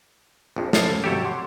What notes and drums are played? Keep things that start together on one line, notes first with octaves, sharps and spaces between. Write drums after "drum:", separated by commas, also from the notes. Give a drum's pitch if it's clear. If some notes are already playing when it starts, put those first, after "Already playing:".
A#1 F2
F3 C#4 A4 F5 A5, drum: snare
G#1 C3 F#3 G4 A4 C#5
F#5 C6 D6